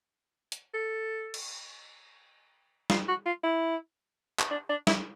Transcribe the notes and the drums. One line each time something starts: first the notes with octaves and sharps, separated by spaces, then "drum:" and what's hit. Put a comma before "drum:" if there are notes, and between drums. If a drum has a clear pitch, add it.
drum: hi-hat
A4
drum: cymbal
F4, drum: snare
F#4
F4
E4
drum: clap
D4
D4
E4, drum: snare